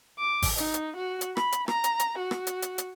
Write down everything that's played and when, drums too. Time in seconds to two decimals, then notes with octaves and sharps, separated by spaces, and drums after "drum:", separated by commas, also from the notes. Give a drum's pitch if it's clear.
0.19 D6
0.42 drum: kick G#1, open hi-hat
0.58 D#4, drum: hi-hat
0.74 drum: hi-hat
0.97 F#4
1.21 drum: hi-hat
1.37 B5, drum: rim click
1.52 drum: hi-hat
1.68 A#5, drum: rim click
1.84 drum: hi-hat
1.99 drum: hi-hat
2.19 F#4
2.31 drum: rim click
2.47 drum: hi-hat
2.62 drum: hi-hat
2.78 drum: hi-hat